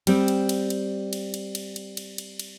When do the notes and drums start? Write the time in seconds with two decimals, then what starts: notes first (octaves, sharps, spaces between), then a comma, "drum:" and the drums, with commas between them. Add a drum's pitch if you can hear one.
0.07 G3 C4, drum: cymbal
0.28 drum: cymbal
0.49 drum: cymbal
0.70 drum: cymbal
1.13 drum: cymbal
1.34 drum: cymbal
1.55 drum: cymbal
1.76 drum: cymbal
1.97 drum: cymbal
2.18 drum: cymbal
2.39 drum: cymbal